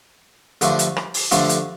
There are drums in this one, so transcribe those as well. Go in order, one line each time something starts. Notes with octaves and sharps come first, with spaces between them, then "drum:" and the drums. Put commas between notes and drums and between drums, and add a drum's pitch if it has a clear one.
G2 D3 F3 A3 D4, drum: hi-hat
drum: hi-hat
drum: rim click
drum: open hi-hat
G2 D3 F3 A3 D4, drum: hi-hat
drum: hi-hat